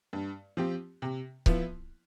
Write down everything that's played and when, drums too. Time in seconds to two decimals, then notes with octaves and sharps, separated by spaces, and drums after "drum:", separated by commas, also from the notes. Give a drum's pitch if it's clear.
0.13 G2
0.57 F3 C4 G4
1.02 C3
1.46 F3 B3 E4, drum: kick C#1